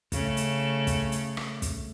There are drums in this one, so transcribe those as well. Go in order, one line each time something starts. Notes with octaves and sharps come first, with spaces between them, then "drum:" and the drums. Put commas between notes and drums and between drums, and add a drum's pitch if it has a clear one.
C#3 A3, drum: kick, hi-hat
drum: hi-hat
drum: kick, hi-hat
drum: hi-hat
drum: rim click
drum: kick, hi-hat